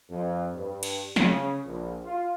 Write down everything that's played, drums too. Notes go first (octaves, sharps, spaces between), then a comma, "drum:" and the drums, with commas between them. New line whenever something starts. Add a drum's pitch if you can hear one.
F2
G2
drum: cymbal
C#3, drum: snare
A#1
F4